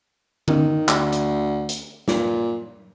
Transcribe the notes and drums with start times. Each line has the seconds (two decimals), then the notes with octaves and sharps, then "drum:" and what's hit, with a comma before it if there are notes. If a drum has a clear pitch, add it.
0.48 D#3, drum: tom D3
0.89 D2, drum: clap
1.12 drum: hi-hat
1.69 drum: hi-hat
2.08 A#2, drum: snare